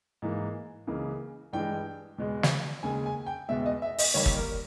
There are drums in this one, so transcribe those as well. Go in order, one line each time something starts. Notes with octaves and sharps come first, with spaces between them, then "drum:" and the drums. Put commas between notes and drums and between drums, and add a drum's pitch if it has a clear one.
G#2 E3 A#3
C#2 C#3 E3 A#3
G2 E3 G#3 G5
E2 B2 G#3
drum: snare
D#2 C#3 G#3 G#5
G#5
G5
E2 B2 G#3 E5
D#5
E5
D#5, drum: open hi-hat
D#2 D#3 G3 A#3 C#5
drum: kick
A#4